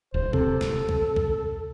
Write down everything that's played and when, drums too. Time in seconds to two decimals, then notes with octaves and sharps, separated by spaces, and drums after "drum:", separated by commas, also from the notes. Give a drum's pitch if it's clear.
0.14 D1 C5
0.33 C3 A4, drum: kick C2
0.61 drum: snare
0.89 drum: kick C2
1.16 drum: kick C2